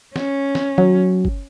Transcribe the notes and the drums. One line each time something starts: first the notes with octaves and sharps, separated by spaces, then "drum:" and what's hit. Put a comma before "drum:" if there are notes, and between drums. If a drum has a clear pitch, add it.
C#4, drum: snare
drum: snare
F#3, drum: tom
drum: kick